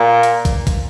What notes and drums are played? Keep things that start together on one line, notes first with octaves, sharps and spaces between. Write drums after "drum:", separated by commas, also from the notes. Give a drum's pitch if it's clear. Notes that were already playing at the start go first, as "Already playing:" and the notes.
Already playing: A#2
drum: hi-hat
drum: kick, hi-hat
drum: kick, hi-hat